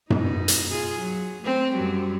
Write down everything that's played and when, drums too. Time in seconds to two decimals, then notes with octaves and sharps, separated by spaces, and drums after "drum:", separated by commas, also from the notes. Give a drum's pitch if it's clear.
0.10 B2 D#4, drum: tom F#2
0.48 drum: hi-hat
0.69 F4 G#4
0.99 F#3
1.41 A3 C4
1.73 F#2 F#3 G3